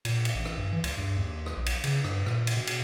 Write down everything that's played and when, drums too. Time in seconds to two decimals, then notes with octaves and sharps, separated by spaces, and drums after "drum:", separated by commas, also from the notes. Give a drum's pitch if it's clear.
0.05 A#2, drum: cymbal
0.25 drum: cymbal
0.35 A1
0.45 drum: rim click
0.58 G2
0.72 E3
0.84 C#2, drum: cymbal
0.97 G2
1.17 D#2
1.46 drum: rim click
1.57 A#1
1.66 drum: cymbal
1.84 C#3, drum: cymbal
2.04 G2, drum: rim click
2.26 A#2, drum: rim click
2.47 drum: cymbal
2.57 B2
2.67 drum: cymbal